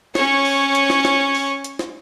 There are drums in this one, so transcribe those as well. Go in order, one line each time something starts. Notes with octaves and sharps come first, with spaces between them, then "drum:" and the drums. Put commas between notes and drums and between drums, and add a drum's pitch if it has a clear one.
C#4 C#5, drum: snare
drum: open hi-hat
drum: hi-hat
drum: snare
drum: snare
drum: open hi-hat
drum: hi-hat
drum: snare